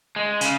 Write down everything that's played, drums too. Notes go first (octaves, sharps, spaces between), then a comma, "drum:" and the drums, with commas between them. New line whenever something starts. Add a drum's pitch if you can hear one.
G#3
C#3, drum: hi-hat